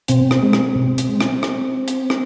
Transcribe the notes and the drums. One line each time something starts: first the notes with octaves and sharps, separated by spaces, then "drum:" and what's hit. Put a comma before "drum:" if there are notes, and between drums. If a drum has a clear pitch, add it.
B2 C4, drum: hi-hat
drum: rim click
G#3
drum: rim click
B2
drum: hi-hat
G#3
drum: rim click
drum: rim click
drum: hi-hat
drum: rim click